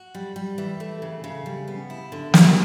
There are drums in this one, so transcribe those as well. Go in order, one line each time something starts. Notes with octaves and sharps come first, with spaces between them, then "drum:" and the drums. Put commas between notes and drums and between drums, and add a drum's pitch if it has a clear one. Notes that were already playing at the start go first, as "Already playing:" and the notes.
Already playing: F#4
G3
G3
E3
A3
C#3
C#3
G3
B3
E4
D3
F#3 G3, drum: snare